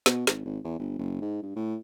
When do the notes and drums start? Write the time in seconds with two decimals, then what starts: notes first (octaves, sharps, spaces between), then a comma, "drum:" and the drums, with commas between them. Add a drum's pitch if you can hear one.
0.06 B2, drum: snare
0.27 G#1, drum: snare
0.45 G#1
0.64 E2
0.79 G1
0.98 F#1
1.22 G#2
1.43 G2
1.56 A2